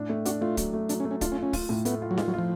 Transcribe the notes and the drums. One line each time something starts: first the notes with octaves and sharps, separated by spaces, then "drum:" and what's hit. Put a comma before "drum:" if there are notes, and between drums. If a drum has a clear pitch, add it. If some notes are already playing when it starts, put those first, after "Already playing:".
Already playing: A2 D4
A3
D4 F#4, drum: hi-hat
A3 F4
F#3, drum: kick, hi-hat
A3
F#3 D4, drum: hi-hat
C#4
A3
C#4
D4 F4, drum: kick, hi-hat
C#4
F4
C#4
F4, drum: kick, open hi-hat
A2
A3 B3, drum: hi-hat
F4
F#3
G#3 F4, drum: snare D#4
F#3
F3 F4